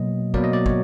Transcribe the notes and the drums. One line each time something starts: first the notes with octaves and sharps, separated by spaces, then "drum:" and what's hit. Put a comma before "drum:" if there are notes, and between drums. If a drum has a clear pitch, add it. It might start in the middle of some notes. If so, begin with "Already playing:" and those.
Already playing: B2 F#3 A#3 D#5
B2 F#3 A#3 D5, drum: kick
D#5
D5
C#5, drum: kick